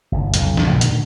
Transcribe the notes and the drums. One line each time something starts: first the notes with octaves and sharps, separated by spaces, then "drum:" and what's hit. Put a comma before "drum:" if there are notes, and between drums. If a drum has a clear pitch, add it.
G1 C2
B1 F2 C#3, drum: hi-hat
drum: snare
A#2 D3 D#3 A3
drum: hi-hat